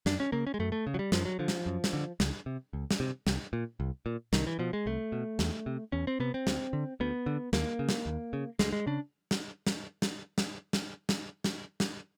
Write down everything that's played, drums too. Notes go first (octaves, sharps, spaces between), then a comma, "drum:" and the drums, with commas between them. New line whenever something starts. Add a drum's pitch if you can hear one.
F#2 D4, drum: snare
C#4
C#3 A#3
C#4
G#3
F#2 A3
A3
C#3
F#3
G3
F#2 F3, drum: snare
F#3
D3 F3
drum: snare
F#2
drum: snare
D3
C#2, drum: snare
C3
C#2
drum: snare
C3
C2, drum: snare
A#2
C2
A#2
C2 D#3, drum: snare
E3
B2 F3
G#3
C2 A3
B2
E2, drum: snare
C3
E2 C#4
C4
C3 B3
C4
D2, drum: snare
D3
D2 B3
D3
D#2 A#3, drum: snare
C#3
drum: snare
D#2
C#3
D2 G#3, drum: snare
G#3
C#3 D4
drum: snare
drum: snare
drum: snare
drum: snare
drum: snare
drum: snare
drum: snare
drum: snare